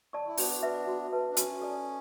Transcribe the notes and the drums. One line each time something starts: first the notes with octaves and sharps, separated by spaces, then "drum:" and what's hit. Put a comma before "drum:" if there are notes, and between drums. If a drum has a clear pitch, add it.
D5 A5 C#6
E4
B3 D4 F#4, drum: open hi-hat
B4 E5 A5
F#4
B4 E5 A5
D4
C#4 F#4, drum: hi-hat
A4 D5 A5